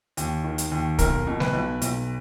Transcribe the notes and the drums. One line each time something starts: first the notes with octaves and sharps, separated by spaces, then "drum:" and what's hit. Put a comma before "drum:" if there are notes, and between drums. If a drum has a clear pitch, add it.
D#2, drum: hi-hat
D#3
drum: hi-hat
D#2
B1 A#4, drum: kick, hi-hat
B2
B4, drum: snare G3
B1
B1, drum: hi-hat